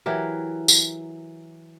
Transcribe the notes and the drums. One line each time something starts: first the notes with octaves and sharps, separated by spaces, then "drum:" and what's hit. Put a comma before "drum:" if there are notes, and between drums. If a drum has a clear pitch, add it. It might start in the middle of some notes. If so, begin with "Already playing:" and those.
E3 F#3 G4 A#4
drum: tambourine